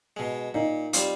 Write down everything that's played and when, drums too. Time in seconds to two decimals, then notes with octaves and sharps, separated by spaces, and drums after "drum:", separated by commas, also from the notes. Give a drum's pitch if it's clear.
0.17 B2 G#3
0.54 A#2 D#4
0.93 G3 C4 F4, drum: hi-hat